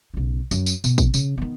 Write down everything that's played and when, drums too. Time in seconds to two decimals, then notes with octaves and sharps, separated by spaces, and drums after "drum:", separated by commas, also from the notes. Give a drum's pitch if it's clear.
0.14 B1 C#3
0.51 F#2, drum: tambourine
0.66 drum: tambourine
0.84 B2, drum: tambourine
0.98 drum: kick, tambourine
1.14 C#3, drum: tambourine
1.38 D#3 B3